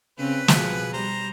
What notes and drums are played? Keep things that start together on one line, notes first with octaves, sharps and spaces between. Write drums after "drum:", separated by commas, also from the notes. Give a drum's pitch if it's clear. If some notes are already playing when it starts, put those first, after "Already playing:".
C#3 C4 C#4 B4
B2 F3 G#4, drum: snare
G3 C5 A#5